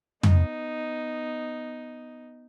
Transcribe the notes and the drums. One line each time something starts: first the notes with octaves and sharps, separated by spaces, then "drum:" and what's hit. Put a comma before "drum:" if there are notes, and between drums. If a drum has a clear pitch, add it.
B3 D#4, drum: tom